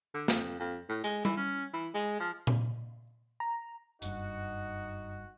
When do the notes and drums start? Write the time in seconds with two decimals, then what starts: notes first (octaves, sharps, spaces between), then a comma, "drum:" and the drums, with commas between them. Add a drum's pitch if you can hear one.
0.14 D3
0.28 F2, drum: snare
0.59 F2
0.89 A2
1.04 G#3, drum: hi-hat
1.25 E3, drum: tom G3
1.37 C#4
1.73 E3
1.94 G#3
2.20 F3
2.47 drum: tom A#2
3.40 A#5
4.02 F#1 G2 D#4 F#4, drum: hi-hat